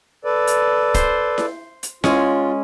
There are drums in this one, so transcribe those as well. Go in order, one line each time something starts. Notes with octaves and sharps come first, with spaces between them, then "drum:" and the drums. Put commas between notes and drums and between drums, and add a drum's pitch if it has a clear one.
A4 B4 D5
drum: hi-hat
C5, drum: kick, hi-hat
drum: snare E4
drum: hi-hat
G#3 C#4 F4, drum: snare E4